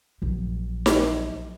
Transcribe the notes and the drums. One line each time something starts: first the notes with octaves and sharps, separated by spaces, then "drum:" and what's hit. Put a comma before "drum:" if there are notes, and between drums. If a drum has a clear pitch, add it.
A#1 F#3
drum: snare D#4